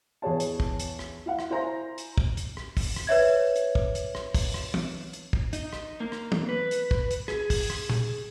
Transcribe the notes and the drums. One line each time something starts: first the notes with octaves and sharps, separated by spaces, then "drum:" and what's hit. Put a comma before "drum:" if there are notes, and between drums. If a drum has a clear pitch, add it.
E2 G#4 C#5 A5
drum: hi-hat
drum: kick
drum: hi-hat
drum: rim click
E4 F5 F#5
drum: rim click
E4 C5 G#5 A#5 C6 A#6
drum: hi-hat
drum: kick
drum: hi-hat
drum: rim click
drum: kick, open hi-hat
drum: rim click
B4 C#5 E5 G#6
drum: hi-hat
drum: kick
drum: hi-hat
drum: rim click
drum: kick, open hi-hat
drum: rim click
drum: tom
drum: hi-hat
drum: kick
D#4, drum: hi-hat
drum: rim click
A#3
drum: rim click
drum: tom
B4
drum: hi-hat
drum: kick
drum: hi-hat
G#4, drum: rim click
drum: kick, open hi-hat
drum: rim click
drum: tom